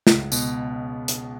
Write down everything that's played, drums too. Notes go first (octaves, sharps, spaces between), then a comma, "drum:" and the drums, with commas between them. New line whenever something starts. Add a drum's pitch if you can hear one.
C#2, drum: snare
B2, drum: tambourine
drum: hi-hat